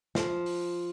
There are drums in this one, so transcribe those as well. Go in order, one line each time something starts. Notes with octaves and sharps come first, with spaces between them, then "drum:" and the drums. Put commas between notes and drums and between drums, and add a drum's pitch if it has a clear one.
F3, drum: snare
drum: open hi-hat